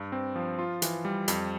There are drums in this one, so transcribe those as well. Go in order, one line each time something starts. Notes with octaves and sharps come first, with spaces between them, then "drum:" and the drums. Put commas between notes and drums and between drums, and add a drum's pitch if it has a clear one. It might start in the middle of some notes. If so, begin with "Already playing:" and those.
Already playing: G2
C4
F3
F4
E3, drum: hi-hat
G3
F2, drum: hi-hat